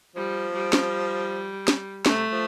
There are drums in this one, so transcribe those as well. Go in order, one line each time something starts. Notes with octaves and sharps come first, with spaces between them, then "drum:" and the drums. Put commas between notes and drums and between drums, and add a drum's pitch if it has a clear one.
F3 G3
G3
drum: snare
drum: snare
C3 A3, drum: snare
F3